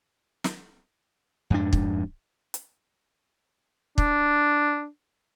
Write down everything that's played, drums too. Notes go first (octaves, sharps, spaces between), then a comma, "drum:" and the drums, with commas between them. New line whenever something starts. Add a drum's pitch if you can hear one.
drum: snare
F2 G#2 D4
drum: kick
drum: hi-hat
D4, drum: kick